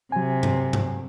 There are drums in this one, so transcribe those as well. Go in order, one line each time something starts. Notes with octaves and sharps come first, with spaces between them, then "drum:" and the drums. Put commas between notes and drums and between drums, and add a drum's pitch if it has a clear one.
C3 F#3 G#5
drum: tom G2
drum: tom G2